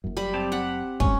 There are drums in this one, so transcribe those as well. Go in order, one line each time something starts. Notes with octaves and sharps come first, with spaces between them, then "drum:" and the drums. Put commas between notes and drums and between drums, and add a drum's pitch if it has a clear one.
F#1 F#2
G3 B5
C4 G4 A5
F#5 B5
D#1 G#1 C#4, drum: kick